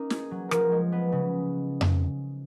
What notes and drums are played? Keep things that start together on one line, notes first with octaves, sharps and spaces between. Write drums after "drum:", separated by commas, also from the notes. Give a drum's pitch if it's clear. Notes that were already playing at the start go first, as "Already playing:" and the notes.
Already playing: A#3 C#4 D#4
G#4, drum: snare
F#3
F3 A#4, drum: rim click
G#3
B3
C#3
drum: tom F2